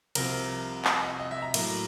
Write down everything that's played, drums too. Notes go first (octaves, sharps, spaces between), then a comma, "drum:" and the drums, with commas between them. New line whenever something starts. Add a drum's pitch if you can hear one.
C2 C3 F3 A#4, drum: cymbal
drum: clap
D#5
D#5
E5
A#5
A2 F#3 A#3, drum: cymbal